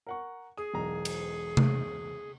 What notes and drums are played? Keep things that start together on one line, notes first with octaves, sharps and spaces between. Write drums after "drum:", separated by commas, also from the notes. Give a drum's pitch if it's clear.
A#4 F#5 C#6
G#4 D#6
E1 B1 A#5
drum: cymbal
drum: tom C3